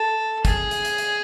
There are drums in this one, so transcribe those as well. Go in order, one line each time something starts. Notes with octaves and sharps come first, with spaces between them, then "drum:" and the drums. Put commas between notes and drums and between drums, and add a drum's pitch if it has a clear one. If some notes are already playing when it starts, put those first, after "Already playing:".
Already playing: A4
G#4, drum: kick, hi-hat
drum: hi-hat
drum: hi-hat
drum: hi-hat